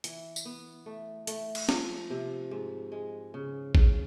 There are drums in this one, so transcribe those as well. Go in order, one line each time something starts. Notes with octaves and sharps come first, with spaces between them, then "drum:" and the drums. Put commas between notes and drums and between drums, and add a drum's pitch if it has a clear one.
E3, drum: hi-hat
drum: tambourine
B3
A3
A3, drum: hi-hat
drum: cymbal
F3, drum: snare
C3
G#2
G#3
C#3
C#3, drum: kick